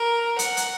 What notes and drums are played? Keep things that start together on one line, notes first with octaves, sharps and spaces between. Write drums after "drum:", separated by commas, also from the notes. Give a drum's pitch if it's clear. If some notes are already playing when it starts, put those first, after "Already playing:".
Already playing: A#4
F#5, drum: hi-hat
drum: hi-hat